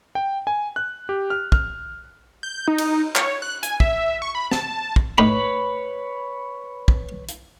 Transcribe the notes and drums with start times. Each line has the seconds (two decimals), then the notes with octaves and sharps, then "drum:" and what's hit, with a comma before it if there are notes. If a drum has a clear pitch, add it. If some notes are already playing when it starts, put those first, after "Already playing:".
0.15 G5
0.47 G#5
0.76 F#6
1.09 G4
1.30 F6
1.52 F6, drum: kick
2.43 G6
2.68 D#4
2.78 drum: cymbal
3.16 C#5, drum: clap
3.42 F#6
3.63 G#5, drum: hi-hat
3.80 E5, drum: kick
4.22 C#6
4.35 B5
4.51 A5, drum: snare
4.96 drum: kick
5.18 A2 D#4 B4 C#5 B5 D6
6.88 drum: kick
7.28 drum: hi-hat